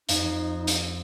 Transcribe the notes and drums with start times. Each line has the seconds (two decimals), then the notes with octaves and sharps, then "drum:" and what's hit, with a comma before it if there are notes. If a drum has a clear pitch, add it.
0.09 F2 D#4, drum: hi-hat
0.67 drum: hi-hat